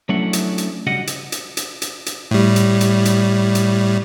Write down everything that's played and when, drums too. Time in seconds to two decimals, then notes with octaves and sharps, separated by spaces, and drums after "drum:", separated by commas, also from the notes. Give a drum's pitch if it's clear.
0.09 F#3 A3 C#4 D4 E4 F#5
0.33 drum: hi-hat
0.58 drum: hi-hat
0.87 C#3 G3 F#4 D#5 F#5
1.07 drum: hi-hat
1.32 drum: hi-hat
1.57 drum: hi-hat
1.82 drum: hi-hat
2.06 drum: hi-hat
2.31 A2 G3
2.56 drum: hi-hat
2.81 drum: hi-hat
3.05 drum: hi-hat
3.55 drum: hi-hat